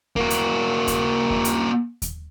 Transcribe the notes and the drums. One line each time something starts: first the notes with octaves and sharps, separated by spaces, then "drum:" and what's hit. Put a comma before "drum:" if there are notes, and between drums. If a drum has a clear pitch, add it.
A#3 F#4, drum: kick D#2
drum: hi-hat
drum: kick D#2, hi-hat
drum: kick D#2
drum: hi-hat
drum: kick D#2, hi-hat